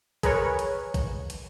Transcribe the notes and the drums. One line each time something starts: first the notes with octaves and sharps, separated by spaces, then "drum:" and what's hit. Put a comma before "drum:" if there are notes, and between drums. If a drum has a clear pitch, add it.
G#4 A#4 B4 C#5, drum: kick A#1, hi-hat
drum: hi-hat
drum: kick A#1, hi-hat
drum: hi-hat